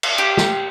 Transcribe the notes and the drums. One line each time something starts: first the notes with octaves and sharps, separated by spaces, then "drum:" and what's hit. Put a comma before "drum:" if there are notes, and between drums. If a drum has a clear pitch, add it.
drum: cymbal
G4
drum: snare